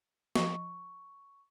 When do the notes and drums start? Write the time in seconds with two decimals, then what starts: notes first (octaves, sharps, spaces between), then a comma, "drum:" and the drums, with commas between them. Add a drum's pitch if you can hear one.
0.35 F3 D#5 C#6, drum: snare